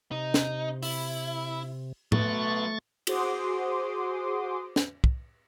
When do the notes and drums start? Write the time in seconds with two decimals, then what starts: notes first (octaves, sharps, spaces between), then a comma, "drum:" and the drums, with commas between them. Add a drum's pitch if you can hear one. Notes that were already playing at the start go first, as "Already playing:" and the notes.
0.11 C3 D#4
0.34 drum: snare
0.83 E4, drum: open hi-hat
2.12 F#3 A3 B3 C#6 A6, drum: tom A2
3.07 F#4 G#4 C5 C6 D6 D#6, drum: cymbal
4.76 drum: snare
5.04 drum: kick